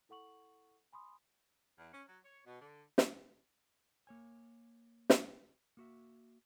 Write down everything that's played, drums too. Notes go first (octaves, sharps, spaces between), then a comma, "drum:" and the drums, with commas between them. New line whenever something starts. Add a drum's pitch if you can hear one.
E4 A4 F#5 C#6 F#7
G#5 B5 C6 D#6
E2
C#4
F#3
C#5
B2
D3
drum: snare
A#3 C#5 G#5
drum: snare
A#3 F#4 E5